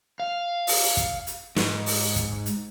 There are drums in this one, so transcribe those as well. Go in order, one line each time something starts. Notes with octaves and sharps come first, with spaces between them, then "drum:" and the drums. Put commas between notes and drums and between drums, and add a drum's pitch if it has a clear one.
F5
drum: open hi-hat
drum: kick, hi-hat
drum: hi-hat
G#2, drum: snare
drum: open hi-hat
drum: kick, hi-hat
drum: hi-hat